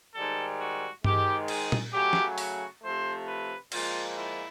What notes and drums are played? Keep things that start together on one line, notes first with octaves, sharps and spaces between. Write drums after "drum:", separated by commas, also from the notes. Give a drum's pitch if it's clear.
G#2 D#3 G3 A4
F#4
G#2 D#3 G#3 G4, drum: tom G2
G#4, drum: cymbal
drum: tom A#2
C#3 F#3 A3 G4
drum: snare
F#4, drum: open hi-hat
C3 F3 A3 C5
B4
A#2 F3 G#3 F4, drum: cymbal
E4